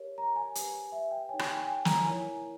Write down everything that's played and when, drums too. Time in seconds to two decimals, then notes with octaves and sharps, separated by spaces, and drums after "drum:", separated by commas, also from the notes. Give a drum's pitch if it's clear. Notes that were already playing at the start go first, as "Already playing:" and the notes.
Already playing: G4 A#4 C#5
0.18 A#5
0.36 G#5
0.55 G4 B4, drum: hi-hat
0.92 E5
1.11 G5
1.29 D#4 G4 C#5 G#5
1.39 G#5, drum: rim click
1.49 G5
1.67 G#5
1.85 A#5, drum: snare
2.04 E4 A#4 C#5 G#5